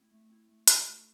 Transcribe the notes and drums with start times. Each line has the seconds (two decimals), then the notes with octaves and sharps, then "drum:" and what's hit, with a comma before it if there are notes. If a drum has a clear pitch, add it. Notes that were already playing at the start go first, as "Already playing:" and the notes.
Already playing: A3 C4 E4
0.11 A3
0.30 C4 E4
0.49 A3
0.68 D4 F4 A4 C5, drum: hi-hat
0.86 A3